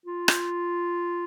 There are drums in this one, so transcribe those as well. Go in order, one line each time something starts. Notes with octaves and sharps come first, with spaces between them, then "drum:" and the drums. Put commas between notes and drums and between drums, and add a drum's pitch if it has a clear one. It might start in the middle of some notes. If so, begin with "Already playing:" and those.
F4
drum: rim click